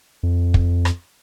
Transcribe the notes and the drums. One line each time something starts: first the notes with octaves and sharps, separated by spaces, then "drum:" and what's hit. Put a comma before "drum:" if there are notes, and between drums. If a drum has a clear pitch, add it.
F2
drum: kick
drum: rim click